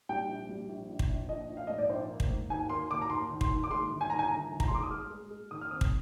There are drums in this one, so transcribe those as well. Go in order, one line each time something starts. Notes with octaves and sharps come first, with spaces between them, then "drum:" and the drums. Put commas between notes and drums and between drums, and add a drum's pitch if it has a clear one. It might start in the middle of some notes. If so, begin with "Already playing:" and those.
G3 G5
A#1
G3
A#1
A#1
drum: kick
A#1
A#1 D#5
A#1
F5
G#2 D#5
D5
A#1 C5
A#3
drum: kick
G#2
D#2 G#5
A#3 C6
D#2 D6
A#5
D#2 C6
D#3
C6, drum: kick
D#3
D6
G#3 C6
G1
G#5
D#3 A#5
G#5
G1 A#5
G1
A#5, drum: kick
C6
G#3 D6
D#6
G#3 F6
G#3
G#3
D#3 D#6
F6
C4 D#6
drum: kick